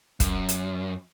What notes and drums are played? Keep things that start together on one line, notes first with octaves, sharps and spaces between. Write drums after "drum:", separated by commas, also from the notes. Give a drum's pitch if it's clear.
F#2, drum: kick, hi-hat
drum: hi-hat